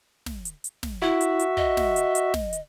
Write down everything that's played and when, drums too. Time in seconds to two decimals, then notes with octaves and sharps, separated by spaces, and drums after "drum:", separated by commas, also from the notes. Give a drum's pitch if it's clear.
0.26 drum: snare
0.45 drum: hi-hat
0.64 drum: hi-hat
0.83 drum: snare
1.02 E4 F#4 E5
1.21 drum: hi-hat
1.39 drum: hi-hat
1.57 D#5, drum: kick
1.77 drum: snare
1.96 drum: hi-hat
2.15 drum: hi-hat
2.34 drum: snare
2.53 drum: hi-hat